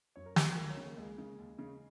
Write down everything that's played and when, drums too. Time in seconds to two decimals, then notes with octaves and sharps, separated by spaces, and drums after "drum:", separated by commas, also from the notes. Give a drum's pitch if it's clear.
0.16 F#2 C#5
0.26 A#4
0.36 D#3 G#4, drum: snare
0.46 F#4
0.57 C#2 A#4
0.70 C#5
0.77 C#3
0.84 A#3
0.97 C#2 G#3
1.18 C#3
1.38 D#2
1.59 C#3